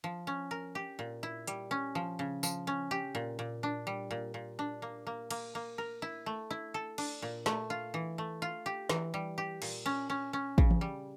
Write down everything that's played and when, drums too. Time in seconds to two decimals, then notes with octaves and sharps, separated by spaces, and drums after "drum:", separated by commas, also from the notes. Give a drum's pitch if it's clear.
0.04 F3
0.27 C#4
0.51 A#4
0.75 G4
0.99 A#2
1.23 E4
1.47 G3, drum: hi-hat
1.71 C#4
1.95 F3
2.19 C#3
2.43 F3, drum: tambourine
2.67 C#4
2.91 G4
3.15 A#2
3.39 A#2
3.63 D4
3.87 G3
4.11 A#2
4.34 A#2
4.59 D4
4.82 A#3
5.07 A#3
5.31 A#3, drum: cymbal
5.55 A#3
5.78 A#4
6.02 E4
6.26 A3
6.51 E4
6.74 A4
6.98 D4, drum: cymbal
7.22 A#2
7.46 A3, drum: snare
7.70 F4
7.94 E3
8.18 A3
8.42 F4
8.66 G4
8.89 E3, drum: snare
9.14 G3
9.38 G4
9.62 A#2, drum: cymbal
9.86 C#4
10.10 C#4
10.33 C#4
10.58 C#3, drum: kick
10.71 drum: tom
10.81 G3